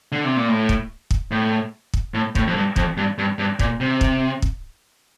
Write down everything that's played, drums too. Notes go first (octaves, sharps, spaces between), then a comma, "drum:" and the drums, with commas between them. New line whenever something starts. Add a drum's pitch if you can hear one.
D3
C3
A#2
A2
drum: kick
drum: kick
A2
drum: kick
A2
A2, drum: kick
F2
G2
F2, drum: kick
G2
G2
G2
A#2, drum: kick
C3
drum: kick
drum: kick